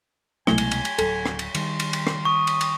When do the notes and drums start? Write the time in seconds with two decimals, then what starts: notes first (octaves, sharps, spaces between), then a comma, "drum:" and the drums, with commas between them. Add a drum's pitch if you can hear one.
0.47 C2 B2 F#3 G#3 A3 E4 G#5 G7, drum: rim click
0.58 drum: cymbal
0.71 drum: cymbal
0.85 drum: cymbal
0.98 D1 F#3 A4, drum: cymbal
1.26 drum: rim click
1.39 drum: cymbal
1.55 D#3 G3 C6, drum: cymbal
1.80 drum: cymbal
1.93 drum: cymbal
2.07 drum: rim click
2.25 C#6 D#6
2.47 drum: cymbal
2.61 drum: cymbal